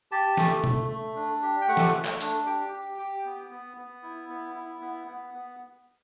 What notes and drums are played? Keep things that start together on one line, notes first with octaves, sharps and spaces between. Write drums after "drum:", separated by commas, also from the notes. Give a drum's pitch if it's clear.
G4 A5
A3, drum: snare
A3, drum: tom B2
A3
D4
G4
G5
A3 F#5
drum: snare
A3
drum: clap
D4, drum: hi-hat
G4 G5
G4
G4
B3
B3
B3
E4
B3
E4
B3
B3
B3